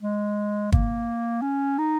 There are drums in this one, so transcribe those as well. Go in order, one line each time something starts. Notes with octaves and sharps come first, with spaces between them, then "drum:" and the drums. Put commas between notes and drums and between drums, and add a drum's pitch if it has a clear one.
G#3
A#3, drum: kick
C#4
D#4